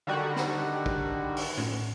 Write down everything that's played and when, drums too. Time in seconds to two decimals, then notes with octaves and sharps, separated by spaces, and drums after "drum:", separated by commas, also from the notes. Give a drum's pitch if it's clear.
0.07 D3 D#3 G3 F#4
0.36 drum: snare
0.86 drum: kick
1.37 drum: open hi-hat
1.57 drum: tom A2